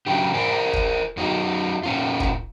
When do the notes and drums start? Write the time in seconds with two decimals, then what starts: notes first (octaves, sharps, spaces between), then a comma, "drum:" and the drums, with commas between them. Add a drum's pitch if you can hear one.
0.06 F#2 C#3 F#3 D4 G4
0.34 A#4 C5 D5 G#5
0.73 drum: kick
1.17 F#2 F#3 D#4
1.83 A#2 C#4 F4
2.20 drum: kick